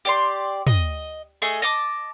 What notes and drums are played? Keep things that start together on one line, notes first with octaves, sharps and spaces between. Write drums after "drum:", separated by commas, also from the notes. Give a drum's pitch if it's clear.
G4 D5 C6
D#5, drum: tom
A3 G#4 D#5
D#5 A5 D6